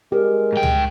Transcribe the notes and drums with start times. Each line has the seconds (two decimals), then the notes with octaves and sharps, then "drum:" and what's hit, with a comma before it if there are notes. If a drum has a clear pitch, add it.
0.12 G#3 G4 A#4
0.53 G#2 G5
0.63 drum: tom C#2